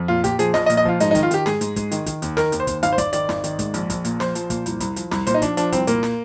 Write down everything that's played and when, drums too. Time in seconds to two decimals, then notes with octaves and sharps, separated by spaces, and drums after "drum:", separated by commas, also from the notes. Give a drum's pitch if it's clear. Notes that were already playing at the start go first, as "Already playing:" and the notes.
Already playing: F2
0.08 A#2 F4
0.24 A#2 G4, drum: kick, hi-hat
0.39 F3 G#4, drum: hi-hat
0.54 A#1 D#5, drum: snare
0.66 D#5
0.70 A#2, drum: hi-hat
0.77 D#5
0.85 F3 F4, drum: kick
1.00 G#2 D#4, drum: hi-hat
1.11 D#4
1.15 D#3, drum: kick, hi-hat
1.23 F4
1.31 D#3 G4, drum: hi-hat
1.46 G#2 G#4, drum: snare
1.61 G#2, drum: hi-hat
1.76 G#2, drum: kick, hi-hat
1.91 D#3, drum: hi-hat
2.06 D#3, drum: kick, hi-hat
2.22 D#2, drum: hi-hat
2.37 D#3 A#4, drum: snare
2.52 D#2, drum: hi-hat
2.60 C5
2.67 D#2, drum: kick, hi-hat
2.83 G#1 F5, drum: hi-hat
2.93 C5
2.98 G#1 D5, drum: kick, hi-hat
3.13 D#3 D5, drum: hi-hat
3.29 G#1, drum: snare
3.44 D#3, drum: hi-hat
3.59 G#2, drum: kick, hi-hat
3.74 A#1, drum: hi-hat
3.90 A#1, drum: kick, hi-hat
4.05 A#2, drum: hi-hat
4.20 A#1 C5, drum: snare
4.35 F3, drum: hi-hat
4.50 A#2, drum: kick, hi-hat
4.66 C2, drum: hi-hat
4.80 C2, drum: kick, hi-hat
4.96 F3, drum: hi-hat
5.11 C2, drum: snare
5.27 A#2 C5, drum: hi-hat
5.34 D#4
5.42 F3 D4, drum: kick, hi-hat
5.57 F3 D4, drum: hi-hat
5.72 C2 C4, drum: kick, hi-hat
5.87 A#2 A#3, drum: hi-hat
6.03 drum: snare